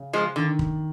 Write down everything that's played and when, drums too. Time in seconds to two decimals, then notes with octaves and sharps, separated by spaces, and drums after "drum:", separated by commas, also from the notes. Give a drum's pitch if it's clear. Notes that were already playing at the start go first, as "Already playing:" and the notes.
Already playing: C#3
0.13 F3 G#3
0.36 D3 D#3
0.59 drum: kick